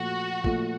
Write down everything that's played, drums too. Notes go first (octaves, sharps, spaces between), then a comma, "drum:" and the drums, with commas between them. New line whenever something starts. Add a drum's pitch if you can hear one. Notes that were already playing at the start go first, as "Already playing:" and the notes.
Already playing: A#2 F3 A3 F#4
A#2 F3 A3, drum: kick